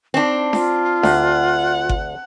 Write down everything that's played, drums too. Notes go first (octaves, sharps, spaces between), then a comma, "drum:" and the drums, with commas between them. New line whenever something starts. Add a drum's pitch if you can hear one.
C4 D4 D#4
F4, drum: snare D4
D2 G4 F#5 A#5, drum: snare D4
drum: kick G1